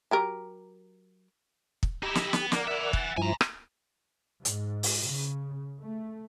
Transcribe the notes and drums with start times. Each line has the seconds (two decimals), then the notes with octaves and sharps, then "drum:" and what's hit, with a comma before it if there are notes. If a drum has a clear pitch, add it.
0.11 F#3 G4 A#4
1.83 drum: kick
2.03 D#4 E4 G4
2.15 drum: snare
2.33 B3, drum: snare
2.52 A#3 A#4 D5 F#5, drum: snare
2.68 E5 G#5
2.93 F#5 A6, drum: kick
3.17 G2 F3 E4 G#5 A#5
3.41 drum: rim click
4.45 G#2, drum: hi-hat
4.83 drum: open hi-hat
5.09 C#3
5.82 A3